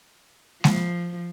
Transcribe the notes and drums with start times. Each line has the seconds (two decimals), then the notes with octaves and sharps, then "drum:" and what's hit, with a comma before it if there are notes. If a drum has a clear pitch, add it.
0.64 F3, drum: snare G#3